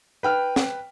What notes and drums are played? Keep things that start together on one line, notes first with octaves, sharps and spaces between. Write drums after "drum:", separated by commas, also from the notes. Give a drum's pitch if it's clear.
B4 G5 F6
drum: snare